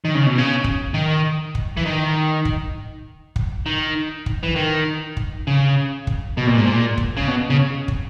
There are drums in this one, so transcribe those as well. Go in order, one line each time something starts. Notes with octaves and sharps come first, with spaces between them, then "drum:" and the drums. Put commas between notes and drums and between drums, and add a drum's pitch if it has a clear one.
D#3
C#3
B2
C#3
drum: kick
D#3
drum: kick
E3
D#3
drum: kick
drum: kick
D#3
drum: kick
E3
D#3
drum: kick
C#3
drum: kick
B2
A#2
G#2
A#2
drum: kick
C#3
B2
C#3
drum: kick